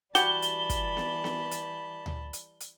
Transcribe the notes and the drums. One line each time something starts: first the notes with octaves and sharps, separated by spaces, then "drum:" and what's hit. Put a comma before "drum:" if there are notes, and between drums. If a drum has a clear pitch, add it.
E3 G3 F#4 G4 A5 B5 G7, drum: hi-hat
drum: hi-hat
drum: kick, hi-hat
drum: snare B3
drum: snare B3
drum: hi-hat
drum: tom D2
drum: hi-hat
drum: hi-hat